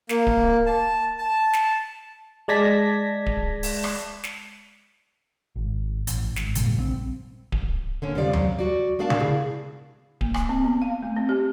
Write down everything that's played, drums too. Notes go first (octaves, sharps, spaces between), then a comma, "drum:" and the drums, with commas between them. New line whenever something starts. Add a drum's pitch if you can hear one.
A#3, drum: snare
drum: kick D1
A5
A5
drum: snare
G#3 D5 A5 G#6 A#6 B6
drum: kick D1
drum: open hi-hat
drum: rim click
drum: snare
G#1
A1, drum: hi-hat
G#1, drum: snare
F1 A#2 C#3 G3, drum: hi-hat
A#1 E3 C4
drum: kick D1
D3 A#3 C#4
F2 C3 F3 G3 D5 F5
F#3, drum: tom D#2
F#4 D5
B3 D4 A#4 D5 F5 A5
drum: tom C#3
E4 G#4
A#3, drum: kick D1
G#5, drum: rim click
C4
B3
F5
A3
C4
G4